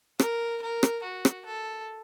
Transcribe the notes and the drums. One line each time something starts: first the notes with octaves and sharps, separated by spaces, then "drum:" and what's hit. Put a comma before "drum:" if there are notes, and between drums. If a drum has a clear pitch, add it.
A#4, drum: rim click
A#4
drum: rim click
F#4
drum: rim click
A4